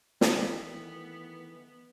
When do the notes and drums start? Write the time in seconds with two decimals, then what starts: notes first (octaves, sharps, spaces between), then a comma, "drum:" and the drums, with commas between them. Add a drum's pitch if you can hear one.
0.21 D#3 E3 A3 B3, drum: snare